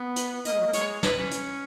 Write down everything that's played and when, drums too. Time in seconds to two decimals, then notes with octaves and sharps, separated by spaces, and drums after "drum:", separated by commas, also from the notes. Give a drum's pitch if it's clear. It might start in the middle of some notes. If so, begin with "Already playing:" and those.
Already playing: B3
0.16 B4, drum: hi-hat
0.45 A#3 D#5, drum: hi-hat
0.53 G#3
0.60 F#3
0.67 A#3
0.73 G#3 C#5, drum: hi-hat
1.03 B4, drum: snare
1.17 C#4
1.31 drum: hi-hat